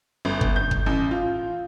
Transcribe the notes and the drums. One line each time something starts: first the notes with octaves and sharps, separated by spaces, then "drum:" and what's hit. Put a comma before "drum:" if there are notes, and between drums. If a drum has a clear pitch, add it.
G1
drum: kick
G6
drum: kick
A1
F4